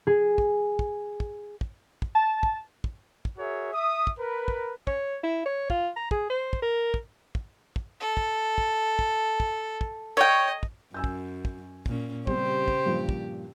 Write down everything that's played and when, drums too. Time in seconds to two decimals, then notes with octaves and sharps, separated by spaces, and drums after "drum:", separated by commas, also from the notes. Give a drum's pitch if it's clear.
0.07 G#4
0.38 drum: kick
0.79 drum: kick
1.20 drum: kick
1.61 drum: kick
2.02 drum: kick
2.15 A5
2.43 drum: kick
2.84 drum: kick
3.25 drum: kick
3.37 F#4 G#4 A#4 C#5 E5
3.73 E5 D#6
4.07 drum: kick
4.18 A#4 B4
4.48 drum: kick
4.87 C#5, drum: kick
5.23 E4
5.46 C#5
5.70 F4, drum: kick
5.96 A#5
6.11 G#4, drum: kick
6.30 C5
6.53 drum: kick
6.62 A#4
6.94 drum: kick
7.35 drum: kick
7.76 drum: kick
8.00 A4
8.17 drum: kick
8.58 drum: kick
8.99 drum: kick
9.40 drum: kick
9.81 drum: kick
10.17 C#5 D#5 G5
10.63 drum: kick
10.94 F#2 G#5 E6 G6
11.04 drum: kick
11.45 drum: kick
11.86 A#2 C#4, drum: kick
12.27 C#3 G3 C4 G4 C5, drum: kick
12.68 drum: kick
12.86 G2 A#2 F3
13.09 drum: kick